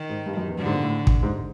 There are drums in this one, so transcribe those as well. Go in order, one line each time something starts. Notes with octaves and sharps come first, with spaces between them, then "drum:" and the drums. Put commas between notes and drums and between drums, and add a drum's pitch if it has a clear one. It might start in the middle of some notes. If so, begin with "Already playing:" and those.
Already playing: D#3
G#2
G2
F#2
E2
F#2 D3
G#2
A#2
A2
drum: kick
G#2